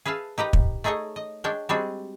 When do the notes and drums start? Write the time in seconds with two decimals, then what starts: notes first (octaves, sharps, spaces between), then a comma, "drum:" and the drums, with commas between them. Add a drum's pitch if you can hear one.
0.05 G#4 B4 E5 F5 A5
0.38 D#4 G4 B4 A#5
0.53 drum: kick
0.84 A3 D#4 G#4 C#5 D#5
1.16 D#5
1.44 G#3 D4 C#5 G5
1.69 G3 G#3 C4 D4 F#4 G#4